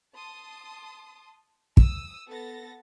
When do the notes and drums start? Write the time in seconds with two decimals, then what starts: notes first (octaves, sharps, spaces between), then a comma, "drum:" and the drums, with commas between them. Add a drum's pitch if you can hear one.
0.15 A5 C6 D#6
1.77 D#6 E6, drum: kick
2.28 B3 A4 A6 A#6